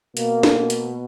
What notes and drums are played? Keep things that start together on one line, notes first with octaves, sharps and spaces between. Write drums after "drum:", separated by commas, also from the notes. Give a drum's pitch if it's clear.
B2 A#3, drum: hi-hat
drum: snare
drum: hi-hat